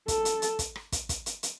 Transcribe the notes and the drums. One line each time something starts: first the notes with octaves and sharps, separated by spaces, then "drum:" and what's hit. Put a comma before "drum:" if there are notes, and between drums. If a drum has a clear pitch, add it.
A4, drum: kick, hi-hat
drum: hi-hat
drum: hi-hat
drum: kick, hi-hat
drum: rim click
drum: kick, hi-hat
drum: kick, hi-hat
drum: hi-hat
drum: hi-hat